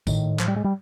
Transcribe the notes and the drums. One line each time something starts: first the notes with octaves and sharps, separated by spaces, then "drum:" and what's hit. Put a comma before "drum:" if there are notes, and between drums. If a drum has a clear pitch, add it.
A2 D#3, drum: kick, tambourine
F3, drum: clap
G3
G#3
G3